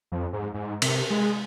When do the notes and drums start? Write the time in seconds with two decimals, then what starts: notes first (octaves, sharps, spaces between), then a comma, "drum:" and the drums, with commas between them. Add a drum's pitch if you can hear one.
0.12 F2
0.33 G#2
0.54 G#2
0.82 C3, drum: cymbal
1.10 G#3